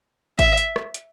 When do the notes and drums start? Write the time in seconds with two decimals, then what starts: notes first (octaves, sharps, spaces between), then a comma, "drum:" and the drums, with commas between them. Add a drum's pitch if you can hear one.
0.39 E5, drum: kick G#1, hi-hat
0.57 drum: hi-hat
0.76 drum: rim click
0.94 drum: hi-hat